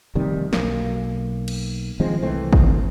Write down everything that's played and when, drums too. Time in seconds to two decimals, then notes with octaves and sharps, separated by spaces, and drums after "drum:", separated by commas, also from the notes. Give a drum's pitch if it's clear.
0.15 F1 C3 D#3 G3
0.53 B1 A#3, drum: snare
1.48 drum: cymbal
2.00 D#3 F3 G#3 C4
2.22 C2 E3 A3 C4
2.53 drum: kick